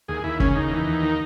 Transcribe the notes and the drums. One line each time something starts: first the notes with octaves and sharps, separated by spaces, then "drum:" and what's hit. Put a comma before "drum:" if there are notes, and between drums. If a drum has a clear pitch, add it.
D#2 G#4
D#2 E4
C#3 C#4, drum: kick
D#2 D#4
E3
D#2
D#3